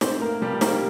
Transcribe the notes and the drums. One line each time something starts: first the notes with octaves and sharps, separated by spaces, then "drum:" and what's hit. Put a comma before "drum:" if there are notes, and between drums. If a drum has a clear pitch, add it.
A2 C4 C5, drum: snare
A#3 A#4
F3 G3 G4
A#3 A#4, drum: snare